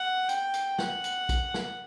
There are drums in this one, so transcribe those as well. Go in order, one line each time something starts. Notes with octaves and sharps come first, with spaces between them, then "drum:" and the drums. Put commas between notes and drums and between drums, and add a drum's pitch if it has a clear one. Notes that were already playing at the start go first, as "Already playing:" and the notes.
Already playing: F#5
G5, drum: hi-hat
drum: hi-hat
F#5, drum: snare
drum: hi-hat
drum: kick, hi-hat
drum: snare